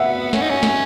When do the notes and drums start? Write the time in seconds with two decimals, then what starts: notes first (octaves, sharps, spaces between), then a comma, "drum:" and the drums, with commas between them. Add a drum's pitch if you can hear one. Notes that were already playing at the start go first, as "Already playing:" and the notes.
Already playing: B3 E5 F#5
0.33 C#4, drum: snare
0.42 D#4
0.50 C#4
0.63 drum: snare